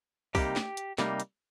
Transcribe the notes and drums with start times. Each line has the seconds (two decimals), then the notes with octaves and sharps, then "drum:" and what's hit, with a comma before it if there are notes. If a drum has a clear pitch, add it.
0.35 C3 G3 A#3 D#4 G4, drum: kick B1, open hi-hat
0.56 drum: snare
0.77 drum: hi-hat
0.98 C3 G3 A#3 D#4, drum: snare
1.20 drum: hi-hat